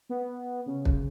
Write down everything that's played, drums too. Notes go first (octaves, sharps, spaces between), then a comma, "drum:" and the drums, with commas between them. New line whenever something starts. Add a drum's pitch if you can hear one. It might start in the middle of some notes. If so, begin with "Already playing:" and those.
B3
C#3
drum: kick